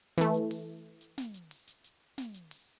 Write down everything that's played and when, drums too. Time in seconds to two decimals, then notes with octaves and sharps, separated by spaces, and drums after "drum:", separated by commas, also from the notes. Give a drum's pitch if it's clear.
0.18 E3 A3, drum: snare
0.34 drum: hi-hat
0.51 drum: open hi-hat
1.01 drum: hi-hat
1.18 drum: snare
1.34 drum: hi-hat
1.51 drum: open hi-hat
1.68 drum: hi-hat
1.84 drum: hi-hat
2.18 drum: snare
2.34 drum: hi-hat
2.51 drum: open hi-hat